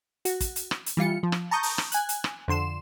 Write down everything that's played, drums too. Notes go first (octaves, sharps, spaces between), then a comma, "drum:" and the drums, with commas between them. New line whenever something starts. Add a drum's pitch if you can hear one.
F#4, drum: hi-hat
drum: kick, hi-hat
drum: hi-hat
drum: rim click
drum: hi-hat
E3 G3 F4 C#7
F3
drum: rim click
A5 A#5 C#6 D#6 G6
drum: open hi-hat
drum: rim click
G#5 F#6, drum: hi-hat
drum: hi-hat
drum: rim click
F2 D3 C6 E7